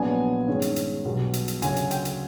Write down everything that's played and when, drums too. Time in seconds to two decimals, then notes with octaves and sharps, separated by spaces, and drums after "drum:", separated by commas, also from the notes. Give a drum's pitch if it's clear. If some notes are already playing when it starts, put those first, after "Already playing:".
Already playing: A#1 A#2 F#3 B3 D4 G#5
0.47 G2 D#3 G#3 C#4
0.62 drum: hi-hat
0.76 drum: hi-hat
1.05 B1 B2 G3
1.33 drum: hi-hat
1.48 drum: hi-hat
1.62 D2 C#3 F#3 G#5, drum: hi-hat
1.76 drum: hi-hat
1.91 G5, drum: hi-hat
2.05 drum: hi-hat